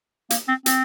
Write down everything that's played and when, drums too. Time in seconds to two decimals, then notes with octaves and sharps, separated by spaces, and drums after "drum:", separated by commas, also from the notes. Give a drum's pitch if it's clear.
0.30 A#3, drum: hi-hat
0.48 C4
0.66 C4, drum: hi-hat